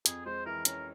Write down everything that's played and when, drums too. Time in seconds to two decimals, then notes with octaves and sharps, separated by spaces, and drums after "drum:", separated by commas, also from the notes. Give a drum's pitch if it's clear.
0.06 F2 G#4, drum: hi-hat
0.25 G#3 C5
0.46 E3 A#4
0.65 C#4 A#4, drum: hi-hat